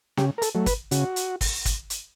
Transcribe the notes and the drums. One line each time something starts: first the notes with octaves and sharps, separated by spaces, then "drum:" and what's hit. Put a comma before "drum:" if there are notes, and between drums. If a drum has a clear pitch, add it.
C#3 G4, drum: snare
A#4
A4, drum: hi-hat
F#3 A3
B4, drum: kick, hi-hat
C#3 F#4, drum: hi-hat
drum: hi-hat
drum: kick, open hi-hat
drum: kick, hi-hat
drum: hi-hat